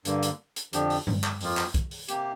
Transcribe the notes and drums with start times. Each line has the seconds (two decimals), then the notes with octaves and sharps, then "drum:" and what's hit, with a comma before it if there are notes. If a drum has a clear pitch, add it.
0.05 G2 D3 A#3, drum: hi-hat
0.23 drum: hi-hat
0.56 drum: hi-hat
0.73 F2 D3 F3 D4 G4, drum: hi-hat
0.90 drum: open hi-hat
1.07 drum: tom G2
1.24 drum: clap
1.41 F2 F3 A#3 F4, drum: open hi-hat
1.57 drum: clap
1.74 drum: kick, hi-hat
1.91 drum: open hi-hat
2.08 C3 A#3 G4, drum: hi-hat